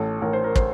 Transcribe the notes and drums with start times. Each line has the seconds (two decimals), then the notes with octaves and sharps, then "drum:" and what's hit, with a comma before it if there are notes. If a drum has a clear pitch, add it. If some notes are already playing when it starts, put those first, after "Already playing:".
Already playing: A1 A4
0.22 A1 A#4
0.33 C5
0.44 A#4
0.56 C5, drum: kick